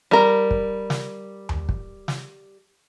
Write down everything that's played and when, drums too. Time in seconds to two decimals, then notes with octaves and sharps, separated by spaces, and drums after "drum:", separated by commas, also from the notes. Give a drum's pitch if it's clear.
0.11 G3 A#4
0.51 drum: kick
0.90 drum: snare
1.49 drum: tom D#2
1.69 drum: kick
2.08 drum: snare